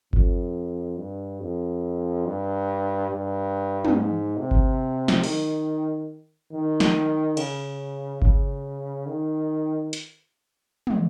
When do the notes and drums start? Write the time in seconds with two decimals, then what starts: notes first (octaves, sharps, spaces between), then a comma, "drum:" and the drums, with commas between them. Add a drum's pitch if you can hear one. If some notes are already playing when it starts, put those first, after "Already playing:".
0.13 F2, drum: kick G1
0.98 G2
1.40 F2
2.26 G2
3.11 G2
3.85 drum: tom
3.96 G#2
4.38 C3
4.51 drum: kick G1
5.08 drum: snare
5.23 D#3, drum: open hi-hat
6.52 D#3
6.80 drum: snare
7.37 C#3, drum: cymbal
8.22 C#3, drum: kick G1
9.07 D#3
9.93 drum: hi-hat
10.87 drum: tom